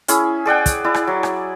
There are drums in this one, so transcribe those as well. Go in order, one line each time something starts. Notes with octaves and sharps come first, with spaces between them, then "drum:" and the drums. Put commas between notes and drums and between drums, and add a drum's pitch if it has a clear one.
C#4 E4 G#4, drum: hi-hat
G#4 D5 F#5 G5
drum: kick, hi-hat
E4 D5
drum: rim click
F#3
drum: rim click